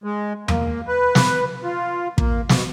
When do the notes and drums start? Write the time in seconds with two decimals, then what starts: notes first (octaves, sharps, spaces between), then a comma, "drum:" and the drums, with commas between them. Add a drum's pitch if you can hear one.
0.04 G#3
0.48 A#3, drum: tom E2
0.88 B4
1.15 drum: snare
1.64 F4
2.18 A#3, drum: kick
2.49 B2, drum: snare